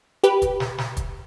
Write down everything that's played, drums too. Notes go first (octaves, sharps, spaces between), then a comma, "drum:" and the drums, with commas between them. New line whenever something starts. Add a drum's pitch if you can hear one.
G4 B4, drum: hi-hat
drum: kick, hi-hat
drum: snare
drum: snare
drum: kick, hi-hat